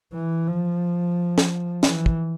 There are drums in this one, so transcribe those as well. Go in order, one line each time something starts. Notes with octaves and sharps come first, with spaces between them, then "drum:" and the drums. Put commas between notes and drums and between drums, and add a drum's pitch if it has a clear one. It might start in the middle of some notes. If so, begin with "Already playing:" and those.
E3
F3
drum: snare
E3, drum: snare
drum: kick